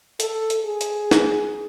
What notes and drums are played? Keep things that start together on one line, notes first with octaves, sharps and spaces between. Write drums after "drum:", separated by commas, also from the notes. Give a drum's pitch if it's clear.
A4, drum: hi-hat
drum: hi-hat
G#4
drum: hi-hat
drum: snare